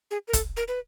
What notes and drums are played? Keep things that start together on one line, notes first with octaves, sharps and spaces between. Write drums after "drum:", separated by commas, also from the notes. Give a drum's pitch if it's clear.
G#4
A#4
A4, drum: kick, hi-hat
A#4
B4